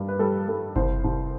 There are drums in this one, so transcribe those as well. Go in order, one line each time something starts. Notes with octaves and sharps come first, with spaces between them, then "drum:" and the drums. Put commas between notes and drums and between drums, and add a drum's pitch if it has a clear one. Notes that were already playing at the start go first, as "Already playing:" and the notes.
Already playing: G2 G3
B4
G3 A4
G3 A4
C2 C5, drum: kick F#1
C2